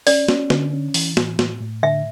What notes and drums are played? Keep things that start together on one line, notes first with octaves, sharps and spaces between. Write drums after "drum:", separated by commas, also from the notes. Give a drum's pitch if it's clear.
C#4 D5, drum: open hi-hat
C#4, drum: snare
D3, drum: snare
C#4
E3, drum: open hi-hat
A2, drum: snare
A2, drum: snare
A2
D3 E5